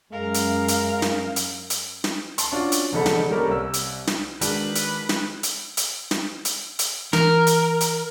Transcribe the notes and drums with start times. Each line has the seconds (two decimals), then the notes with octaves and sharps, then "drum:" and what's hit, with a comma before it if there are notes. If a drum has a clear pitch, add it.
0.12 F#2 G#3 A#4 F5
0.34 drum: hi-hat
0.68 drum: hi-hat
1.02 drum: snare
1.36 drum: hi-hat
1.70 drum: hi-hat
2.04 drum: snare
2.38 A5 C6, drum: hi-hat
2.51 C#4 D4 F4 F#4
2.72 drum: hi-hat
2.92 F1 E2 D3 D#4 A4 B5
3.06 drum: snare
3.30 G3 A#3 C#4 A4 A#4
3.48 C2 E6
3.73 drum: hi-hat
4.07 drum: snare
4.41 D#3 G#3 D4 F#4 G#4 B4, drum: hi-hat
4.75 drum: hi-hat
5.09 drum: snare
5.43 drum: hi-hat
5.77 drum: hi-hat
6.11 drum: snare
6.45 drum: hi-hat
6.79 drum: hi-hat
7.13 E3 A#4, drum: snare
7.47 drum: hi-hat
7.81 drum: hi-hat